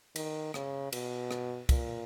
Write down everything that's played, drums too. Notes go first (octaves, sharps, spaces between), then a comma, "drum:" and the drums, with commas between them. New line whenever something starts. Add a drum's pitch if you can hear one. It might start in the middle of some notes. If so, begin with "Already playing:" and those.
D#3, drum: cymbal
C#3, drum: rim click
B2, drum: cymbal
drum: rim click
A#2, drum: kick, cymbal